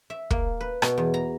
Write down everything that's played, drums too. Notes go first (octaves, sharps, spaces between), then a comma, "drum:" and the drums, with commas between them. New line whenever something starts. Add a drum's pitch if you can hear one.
E5
A#3, drum: kick
B4
B2, drum: rim click
E2
A#5